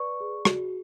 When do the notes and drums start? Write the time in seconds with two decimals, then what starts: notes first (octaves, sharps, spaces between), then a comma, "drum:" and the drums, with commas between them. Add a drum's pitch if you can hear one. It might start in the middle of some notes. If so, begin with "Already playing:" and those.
Already playing: B4 D5 C#6
0.20 G#4
0.45 F#4, drum: rim click